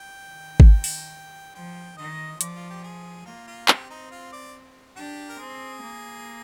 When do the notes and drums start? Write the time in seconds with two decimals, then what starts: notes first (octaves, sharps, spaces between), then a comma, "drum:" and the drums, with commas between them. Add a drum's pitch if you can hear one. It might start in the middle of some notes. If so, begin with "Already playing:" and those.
Already playing: G5
0.27 D#3
0.60 drum: kick G#1
0.84 drum: open hi-hat
1.55 F3 G5
1.98 D#3 D#5
2.41 F3 D5, drum: hi-hat
2.56 F4
2.70 G4
2.84 G#4
3.26 A#3 F4
3.47 F4
3.68 C4 G4, drum: clap
3.90 D#4
4.11 F4
4.33 D5
4.96 D4 G4
5.29 A#4
5.39 C4 G#4
5.83 A#3